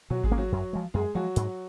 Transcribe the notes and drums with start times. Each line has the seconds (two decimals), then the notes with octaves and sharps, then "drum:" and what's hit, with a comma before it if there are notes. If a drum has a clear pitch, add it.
0.10 B2 F#3 F#4
0.24 G#3 G#4, drum: kick G#1
0.32 A#3 C#4
0.38 F#3 F#4
0.52 F#2
0.73 F3 G#3
0.94 F#2 G#3 G#4
1.15 F3 F#3 G#3 F#4
1.36 G#2, drum: hi-hat